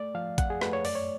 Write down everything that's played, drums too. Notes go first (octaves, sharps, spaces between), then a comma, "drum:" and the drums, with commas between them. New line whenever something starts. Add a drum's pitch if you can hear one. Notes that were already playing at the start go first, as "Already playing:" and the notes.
Already playing: A3 D5
F3 F5
F2 F#5, drum: kick A1, hi-hat
G#4
A3 B4, drum: rim click
C#5
F#2 D5, drum: open hi-hat
C#5